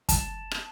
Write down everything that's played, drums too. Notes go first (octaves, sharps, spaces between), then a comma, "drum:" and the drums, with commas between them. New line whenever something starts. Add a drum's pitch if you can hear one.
A5, drum: kick, hi-hat
drum: rim click